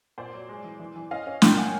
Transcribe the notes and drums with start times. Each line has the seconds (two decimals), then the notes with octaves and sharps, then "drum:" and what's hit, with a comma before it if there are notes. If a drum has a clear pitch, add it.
0.18 A#2 C5 D5
0.34 F#3
0.49 G#3
0.64 E3
0.80 E3
0.96 E3
1.11 C#4 D#5 F5
1.27 C#4
1.42 A#2 F5 G5, drum: snare
1.57 A#3 F#5 G#5